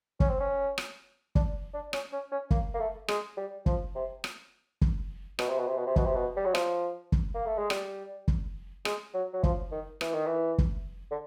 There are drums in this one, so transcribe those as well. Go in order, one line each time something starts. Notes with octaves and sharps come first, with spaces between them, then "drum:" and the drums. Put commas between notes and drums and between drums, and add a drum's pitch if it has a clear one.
C#4, drum: kick
C4
C#4
drum: rim click
D4, drum: kick
D4
C#4, drum: rim click
C#4
C#4
A#3, drum: kick
A#3
A3
G#3, drum: rim click
G3
F3, drum: kick
C3
drum: rim click
drum: kick
B2, drum: rim click
C3
B2
C3
B2
C3
B2, drum: kick
C3
B2
G3
F#3
F3, drum: rim click
drum: kick
A#3
A3
G#3
G3, drum: rim click
drum: kick
G#3, drum: rim click
F#3
F#3
F3, drum: kick
D#3
E3, drum: rim click
D#3
E3
drum: kick
D3